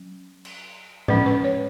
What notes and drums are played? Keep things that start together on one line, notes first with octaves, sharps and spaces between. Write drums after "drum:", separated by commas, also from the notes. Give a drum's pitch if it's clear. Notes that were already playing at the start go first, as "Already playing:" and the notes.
Already playing: F#3 C#4
drum: cymbal
F3 G#3 C#4 B4, drum: tom A2
B4
C#5